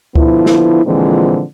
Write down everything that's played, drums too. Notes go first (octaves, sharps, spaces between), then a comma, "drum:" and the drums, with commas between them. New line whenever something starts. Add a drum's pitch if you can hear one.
D3 F3 B3 E4, drum: kick C#2
drum: snare
A#2 D3 E3 F3 G#3 C4